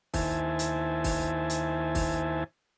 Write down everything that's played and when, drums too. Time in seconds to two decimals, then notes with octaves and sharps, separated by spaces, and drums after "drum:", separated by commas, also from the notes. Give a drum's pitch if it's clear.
0.14 D#2 E4 C5 E5 G#5 A5, drum: kick, open hi-hat
0.59 drum: hi-hat
1.04 drum: kick, open hi-hat
1.50 drum: hi-hat
1.95 drum: kick, open hi-hat